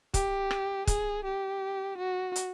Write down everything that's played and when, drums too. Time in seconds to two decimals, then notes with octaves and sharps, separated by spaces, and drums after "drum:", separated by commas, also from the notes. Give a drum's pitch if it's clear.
0.14 G4, drum: kick, hi-hat
0.51 drum: rim click
0.87 G#4, drum: kick, hi-hat
1.25 G4
1.98 F#4
2.36 drum: hi-hat